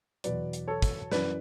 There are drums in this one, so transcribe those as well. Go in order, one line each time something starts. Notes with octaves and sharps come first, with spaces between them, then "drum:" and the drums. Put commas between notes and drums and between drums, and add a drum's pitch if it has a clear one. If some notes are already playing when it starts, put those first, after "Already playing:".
E2 B2 F#3 B4 D5, drum: hi-hat
drum: hi-hat
A4 C#5
drum: kick, hi-hat
F#2 E3 B4 D5, drum: snare